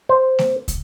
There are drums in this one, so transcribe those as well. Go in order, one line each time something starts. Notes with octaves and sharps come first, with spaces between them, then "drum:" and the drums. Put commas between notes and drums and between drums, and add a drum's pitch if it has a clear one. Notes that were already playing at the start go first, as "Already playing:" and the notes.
C5
drum: snare A3
drum: kick, hi-hat